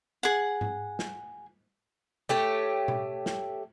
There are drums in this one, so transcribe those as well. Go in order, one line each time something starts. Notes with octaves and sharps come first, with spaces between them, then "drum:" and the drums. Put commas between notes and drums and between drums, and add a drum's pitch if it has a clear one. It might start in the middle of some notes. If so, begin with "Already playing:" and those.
G#4 F#5
drum: tom G#2
drum: snare
A3 G4 C#5
drum: tom B2
drum: snare